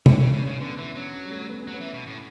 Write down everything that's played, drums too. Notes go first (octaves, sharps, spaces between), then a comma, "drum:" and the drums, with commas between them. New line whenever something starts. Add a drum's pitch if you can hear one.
D3 C#5, drum: tom
C#3 D4
B2
C#3 C#4
D3 B3
E3 B3
F#3 C#4
C#4
G3
A3
B3
C#4
F#3
B3
E3
B2
A2